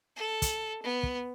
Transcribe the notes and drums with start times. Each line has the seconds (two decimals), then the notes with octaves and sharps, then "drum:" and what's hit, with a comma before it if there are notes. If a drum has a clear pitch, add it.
0.16 A4
0.42 drum: kick, hi-hat
0.83 B3
1.03 drum: kick